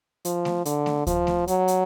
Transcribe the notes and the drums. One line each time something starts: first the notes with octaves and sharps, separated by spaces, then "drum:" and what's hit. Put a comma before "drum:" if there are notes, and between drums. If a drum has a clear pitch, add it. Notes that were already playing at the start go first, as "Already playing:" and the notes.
F3, drum: hi-hat
drum: snare A3
D3, drum: hi-hat
drum: snare A3
F3, drum: kick D2, hi-hat
drum: snare A3
F#3, drum: hi-hat
drum: hi-hat